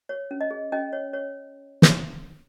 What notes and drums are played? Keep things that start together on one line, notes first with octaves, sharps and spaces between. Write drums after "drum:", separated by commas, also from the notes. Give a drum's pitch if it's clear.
C#5
C#4
D#5
G#4
C#4 D#5 G5
C#5
C#5
drum: snare